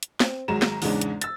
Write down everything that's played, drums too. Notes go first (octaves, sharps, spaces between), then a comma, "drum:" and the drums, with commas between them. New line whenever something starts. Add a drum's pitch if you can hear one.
drum: hi-hat
C4, drum: snare
G#1 F#3 G#3 A#5 E7
drum: snare
E2 G#2 C#3 E3 G#3 D4, drum: open hi-hat
drum: hi-hat
E6 A6, drum: hi-hat